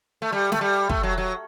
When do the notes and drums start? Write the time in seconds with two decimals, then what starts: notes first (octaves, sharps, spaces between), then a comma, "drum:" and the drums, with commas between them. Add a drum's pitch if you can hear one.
0.22 A3
0.32 G3
0.52 A3, drum: snare
0.61 G3
0.89 A3, drum: kick
1.03 F#3
1.18 F#3